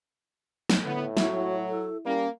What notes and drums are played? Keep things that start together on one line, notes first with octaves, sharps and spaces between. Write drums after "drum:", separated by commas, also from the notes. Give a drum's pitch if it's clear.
drum: snare
A2 D3 B3
F#3 E4 F#4, drum: snare
A4
G3 A#3 C#4